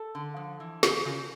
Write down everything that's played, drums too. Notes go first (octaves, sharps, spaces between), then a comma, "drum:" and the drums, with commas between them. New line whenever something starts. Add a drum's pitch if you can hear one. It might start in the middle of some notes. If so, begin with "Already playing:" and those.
Already playing: A4 A5
D3
F3
E3
C#3, drum: snare
C#3